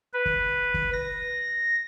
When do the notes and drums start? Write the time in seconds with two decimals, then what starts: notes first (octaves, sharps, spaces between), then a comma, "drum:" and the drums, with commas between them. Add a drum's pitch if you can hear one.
0.13 B4
0.26 drum: kick
0.74 drum: kick
0.93 A#6